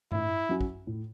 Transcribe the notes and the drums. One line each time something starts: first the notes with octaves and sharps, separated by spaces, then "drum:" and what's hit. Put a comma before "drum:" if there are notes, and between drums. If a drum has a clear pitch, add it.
A2 E4, drum: tom G2
F#3 C#4 F#4
drum: kick
A2